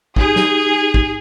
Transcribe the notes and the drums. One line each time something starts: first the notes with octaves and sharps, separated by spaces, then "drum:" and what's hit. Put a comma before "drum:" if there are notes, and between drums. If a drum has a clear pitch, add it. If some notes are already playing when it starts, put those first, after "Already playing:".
D#4 G4 G#4, drum: kick
drum: snare
drum: kick